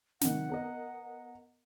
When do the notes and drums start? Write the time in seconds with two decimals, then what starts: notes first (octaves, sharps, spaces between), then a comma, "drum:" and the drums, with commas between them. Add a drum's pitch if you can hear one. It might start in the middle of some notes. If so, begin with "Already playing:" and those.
0.21 C3 D#3 F#5, drum: snare
0.49 B3 A#4 D#5